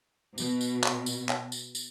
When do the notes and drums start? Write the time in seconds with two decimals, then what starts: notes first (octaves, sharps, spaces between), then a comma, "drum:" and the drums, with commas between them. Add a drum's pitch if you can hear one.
0.38 B2, drum: tambourine
0.61 drum: tambourine
0.84 drum: clap
1.06 drum: tambourine
1.29 drum: clap
1.52 drum: tambourine
1.75 drum: tambourine